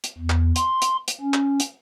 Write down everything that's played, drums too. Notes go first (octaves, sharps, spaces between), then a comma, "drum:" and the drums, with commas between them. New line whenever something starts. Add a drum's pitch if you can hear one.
drum: hi-hat
E2
drum: clap
C6, drum: hi-hat
drum: hi-hat
drum: hi-hat
C#4
drum: clap
drum: hi-hat